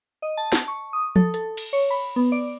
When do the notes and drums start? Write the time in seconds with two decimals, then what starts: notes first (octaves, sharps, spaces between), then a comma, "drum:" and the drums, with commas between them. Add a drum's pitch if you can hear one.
0.22 D#5
0.37 A5
0.52 drum: snare
0.68 C#6
0.93 D#6
1.16 A4, drum: tom F3
1.34 A4, drum: hi-hat
1.57 drum: cymbal
1.73 C#5
1.90 B5
2.16 B3
2.32 D5